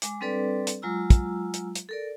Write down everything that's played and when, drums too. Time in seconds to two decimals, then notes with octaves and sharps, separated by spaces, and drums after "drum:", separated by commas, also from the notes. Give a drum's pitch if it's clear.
0.02 G#3 D6, drum: hi-hat
0.21 G3 C4 D4 A4 B4 D5
0.67 drum: hi-hat
0.82 F#3 G#3 F4 A#5 E6
1.10 drum: kick, hi-hat
1.54 drum: hi-hat
1.75 drum: hi-hat
1.89 A4 A#4 D5